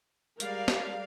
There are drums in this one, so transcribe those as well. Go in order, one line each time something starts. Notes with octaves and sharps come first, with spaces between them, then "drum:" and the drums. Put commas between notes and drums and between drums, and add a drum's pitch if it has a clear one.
G3 G#3 A#4 D5 F5, drum: hi-hat
drum: snare